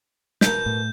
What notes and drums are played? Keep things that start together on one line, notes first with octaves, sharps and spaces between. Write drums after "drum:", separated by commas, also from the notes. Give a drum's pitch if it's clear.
B2 A#4 G6, drum: snare
A2